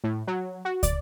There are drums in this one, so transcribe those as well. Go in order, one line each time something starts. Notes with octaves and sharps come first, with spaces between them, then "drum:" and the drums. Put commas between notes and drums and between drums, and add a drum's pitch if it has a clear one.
A2
F#3
F#4
D5, drum: kick, hi-hat